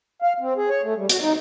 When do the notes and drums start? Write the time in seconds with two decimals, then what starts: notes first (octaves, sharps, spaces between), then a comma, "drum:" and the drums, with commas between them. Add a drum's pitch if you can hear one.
0.22 F5
0.40 C4
0.57 G#4
0.69 C#5
0.83 A3
0.97 G3
1.09 F#4, drum: hi-hat
1.22 D#4